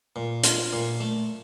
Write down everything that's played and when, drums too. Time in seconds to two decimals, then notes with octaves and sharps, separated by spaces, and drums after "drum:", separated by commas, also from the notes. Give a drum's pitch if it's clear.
0.16 A#2
0.44 F4, drum: hi-hat
0.73 A#2
1.00 A3